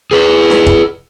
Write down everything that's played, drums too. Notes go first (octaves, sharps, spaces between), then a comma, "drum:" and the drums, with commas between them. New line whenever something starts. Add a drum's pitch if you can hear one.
G#4 B4
drum: snare D4
drum: kick